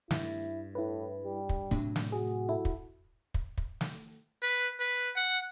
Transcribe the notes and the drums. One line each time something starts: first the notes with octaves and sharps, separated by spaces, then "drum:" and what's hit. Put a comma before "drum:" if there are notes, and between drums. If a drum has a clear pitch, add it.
G2 E4, drum: snare
A2 E4 B4
G3
drum: kick
A2 C3 F#3 D4, drum: kick
drum: snare
F#4 G#4
E4 A4
drum: kick
drum: kick
drum: kick
drum: snare
B4
B4
F#5